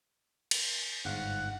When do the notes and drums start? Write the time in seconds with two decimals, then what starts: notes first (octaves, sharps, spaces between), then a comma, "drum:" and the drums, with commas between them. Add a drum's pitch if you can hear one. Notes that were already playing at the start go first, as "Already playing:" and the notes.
0.51 drum: cymbal
1.05 G1 G#2 F5 F#5